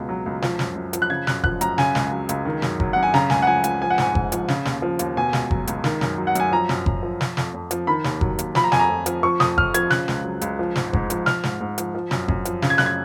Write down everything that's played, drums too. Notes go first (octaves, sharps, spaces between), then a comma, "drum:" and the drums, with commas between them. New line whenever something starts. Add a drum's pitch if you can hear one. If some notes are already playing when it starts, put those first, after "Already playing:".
Already playing: C#2 B2
F#3
C#2
F3, drum: snare
F#2, drum: snare
F#2
F3, drum: hi-hat
F#6
C#3 G#6
F#2 F#6, drum: snare
F3 F#6, drum: kick F#1
F#2 A#5, drum: hi-hat
C#3 G#5, drum: snare
C#2, drum: snare
F#3
C#2, drum: hi-hat
D#3
F#2, drum: snare
F#3, drum: kick F#1
F#2 F#5
G#5
C#3 A#5, drum: snare
C#2 G#5, drum: snare
F#5
F3 G#5
C#2 G#5, drum: hi-hat
F3 G#5
F#5
G#2 G#5, drum: snare
G#2, drum: kick F#1
F3, drum: hi-hat
C#3, drum: snare
D#2, drum: snare
F3
D#2, drum: hi-hat
B2 G#5
C#2, drum: snare
F#3, drum: kick F#1
C#2, drum: hi-hat
D#3, drum: snare
F#2, drum: snare
F#3
F#5
F#2 G#5, drum: hi-hat
F3 A#5
F#2, drum: snare
F#2, drum: kick F#1
F3
F3, drum: snare
F2, drum: snare
F2
F3, drum: hi-hat
D#3 B5
D#2, drum: snare
F#3, drum: kick F#1
D#2, drum: hi-hat
F3 B5, drum: snare
A#5
F2 G#5, drum: snare
A#5
F2
F3, drum: hi-hat
F3 C#6
F2 D#6, drum: snare
F2 F6, drum: kick F#1
F3 G#6, drum: hi-hat
C#3 F#6, drum: snare
C#2, drum: snare
F#3
C#2, drum: hi-hat
F3
G#2, drum: snare
G#2, drum: kick F#1
F3, drum: hi-hat
F3 F6, drum: snare
G#2, drum: snare
G#2
F3, drum: hi-hat
F3
F#2, drum: snare
F#2, drum: kick F#1
F3, drum: hi-hat
C#3, drum: snare
G#6
F#2 F#6, drum: snare
G#6